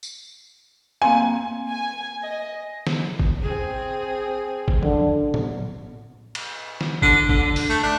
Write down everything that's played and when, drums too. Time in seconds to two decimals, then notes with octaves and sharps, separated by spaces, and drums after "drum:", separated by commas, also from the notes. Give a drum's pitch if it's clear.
0.03 drum: tambourine
1.02 A#3 C4 F5 G#5
1.68 G#5
2.23 D#5
2.87 drum: snare
3.20 drum: kick
3.43 C4 G#4
4.68 drum: kick
4.83 D3, drum: tom F3
5.34 drum: tom A2
6.35 drum: cymbal
6.81 drum: snare
7.02 D3, drum: kick
7.29 D3, drum: kick
7.56 drum: open hi-hat
7.69 A3
7.83 D4